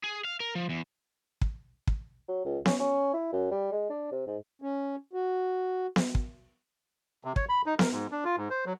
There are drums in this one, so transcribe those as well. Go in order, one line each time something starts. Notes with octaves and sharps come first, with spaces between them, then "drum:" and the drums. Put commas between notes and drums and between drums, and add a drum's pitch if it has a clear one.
G#4
F5
A#4
F3
E2
drum: kick
drum: kick
F#3
C#2
C#4, drum: snare B3
C#4
E4
F#2
G3
G#3
D4
C3
G#2
C#4
F#4
drum: snare B3
drum: kick
C3
C#5, drum: kick
B5
D#4
A#4, drum: snare B3
G#2
D4
F4
G#2
C5
F#3